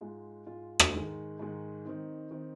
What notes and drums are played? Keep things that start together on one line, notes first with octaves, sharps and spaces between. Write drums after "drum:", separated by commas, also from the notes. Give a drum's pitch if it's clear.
G#2 G#3 F4
G#2 G#3 F4
drum: rim click
G#2 D#3 G#3
G#2 D#3 G#3
D#3 C4 D#4
D#3 C4 D#4